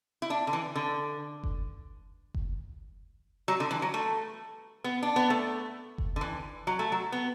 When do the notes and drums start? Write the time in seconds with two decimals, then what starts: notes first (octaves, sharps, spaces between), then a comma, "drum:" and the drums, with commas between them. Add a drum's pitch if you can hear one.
0.22 E4
0.30 D4
0.47 D3
0.53 E3
0.75 D3
1.44 drum: kick F#1
2.34 drum: kick F#1
3.48 F#3
3.60 D3
3.71 E3
3.82 F#3
3.94 A3
4.84 B3
5.03 D4
5.16 B3
5.30 A3
5.98 drum: kick F#1
6.16 D3
6.21 E3
6.67 F#3
6.79 A3
6.92 F#3
7.12 B3